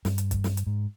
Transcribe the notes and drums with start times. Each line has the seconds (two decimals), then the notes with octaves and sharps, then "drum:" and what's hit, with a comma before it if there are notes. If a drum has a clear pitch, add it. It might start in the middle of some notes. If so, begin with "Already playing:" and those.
0.05 G2, drum: snare
0.18 drum: hi-hat
0.31 drum: kick, hi-hat
0.44 drum: snare
0.57 drum: hi-hat
0.67 G#2